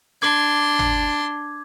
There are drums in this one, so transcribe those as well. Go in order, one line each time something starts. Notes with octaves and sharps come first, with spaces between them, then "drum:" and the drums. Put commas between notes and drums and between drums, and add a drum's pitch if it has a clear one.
D4 C6 D6 G#6
drum: tom G#1